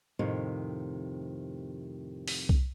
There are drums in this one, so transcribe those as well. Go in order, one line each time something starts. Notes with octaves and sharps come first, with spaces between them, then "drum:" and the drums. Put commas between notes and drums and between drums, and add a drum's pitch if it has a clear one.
F2 A2 C3 D#3
drum: open hi-hat
drum: kick C2